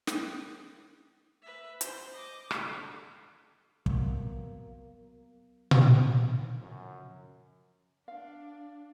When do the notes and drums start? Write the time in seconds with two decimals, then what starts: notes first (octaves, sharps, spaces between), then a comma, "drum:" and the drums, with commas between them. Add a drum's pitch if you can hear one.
0.07 drum: snare
1.42 B4 E5
1.81 C5, drum: hi-hat
2.13 D#5 D6
2.51 D3, drum: rim click
3.86 C3 F#3 A#3 B3, drum: kick
5.71 drum: tom A#2
6.30 B2 D#3 E3
6.61 F#2 C#3 F3 F#3
8.08 D4 F5